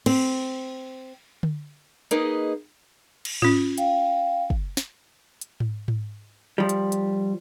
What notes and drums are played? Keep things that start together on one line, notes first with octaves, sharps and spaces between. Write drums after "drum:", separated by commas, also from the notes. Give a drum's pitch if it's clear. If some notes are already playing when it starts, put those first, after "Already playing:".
C4, drum: cymbal
drum: tom D3
A#3 D#4 G#4 B4 D#5, drum: hi-hat
drum: cymbal
C#4 F4, drum: tom G#2
F5 G5, drum: hi-hat
drum: kick
drum: snare
drum: hi-hat
drum: tom G#2
drum: tom G#2
F3 G3
drum: hi-hat
drum: hi-hat